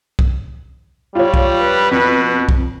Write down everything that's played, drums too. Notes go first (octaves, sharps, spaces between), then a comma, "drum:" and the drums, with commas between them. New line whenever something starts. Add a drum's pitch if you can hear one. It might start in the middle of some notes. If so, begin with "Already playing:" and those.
drum: kick B1
G3 F4 C#5
drum: kick B1
B4
F2 B2
drum: kick B1